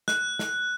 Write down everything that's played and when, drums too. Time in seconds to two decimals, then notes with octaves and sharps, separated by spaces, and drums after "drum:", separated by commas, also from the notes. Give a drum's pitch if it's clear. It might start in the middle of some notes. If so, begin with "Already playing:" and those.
0.08 F#6, drum: snare
0.39 drum: snare